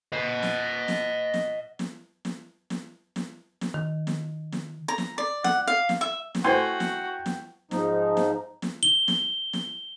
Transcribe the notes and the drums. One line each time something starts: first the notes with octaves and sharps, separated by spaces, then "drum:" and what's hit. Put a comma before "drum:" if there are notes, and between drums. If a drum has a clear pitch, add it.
D#5 F#5
drum: snare
drum: snare
drum: snare
drum: snare
drum: snare
drum: snare
drum: snare
drum: snare
D#3
drum: snare
drum: snare
A#5
drum: snare
D5
F#5, drum: snare
F5
drum: snare
E5
drum: snare
A3 E4 F#4 B4 C5 G5 G#5 C6
drum: snare
drum: snare
G#2 F3 D#4, drum: snare
drum: snare
drum: snare
G7
drum: snare
drum: snare